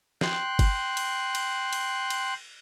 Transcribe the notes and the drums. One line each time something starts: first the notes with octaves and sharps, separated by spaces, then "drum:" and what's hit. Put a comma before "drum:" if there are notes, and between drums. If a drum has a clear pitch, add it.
G5 C6 F#6, drum: snare
drum: kick G1, cymbal
drum: cymbal
drum: cymbal
drum: cymbal
drum: cymbal